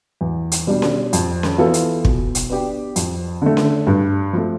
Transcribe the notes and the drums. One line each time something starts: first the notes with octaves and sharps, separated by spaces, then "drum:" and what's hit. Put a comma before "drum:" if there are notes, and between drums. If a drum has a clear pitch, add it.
E2
drum: hi-hat
B2 G3 D4
drum: snare C#4
F2, drum: hi-hat
drum: snare C#4
E3 B3 F4 A4
drum: hi-hat
B2, drum: kick
drum: hi-hat
B3 D4 G4
F2, drum: hi-hat
D3 A3
drum: snare C#4
G2
F3 A3